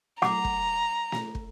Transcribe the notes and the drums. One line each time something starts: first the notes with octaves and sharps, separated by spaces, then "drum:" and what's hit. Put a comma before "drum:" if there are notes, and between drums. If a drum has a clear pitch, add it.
F#5 A#5 D6, drum: snare
drum: kick
drum: snare
drum: kick